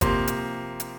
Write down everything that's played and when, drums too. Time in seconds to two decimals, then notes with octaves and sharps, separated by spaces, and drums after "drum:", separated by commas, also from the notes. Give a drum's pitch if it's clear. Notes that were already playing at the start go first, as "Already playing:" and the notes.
0.01 C3 F3 A#3 C6, drum: kick G1, hi-hat
0.27 drum: hi-hat
0.80 drum: hi-hat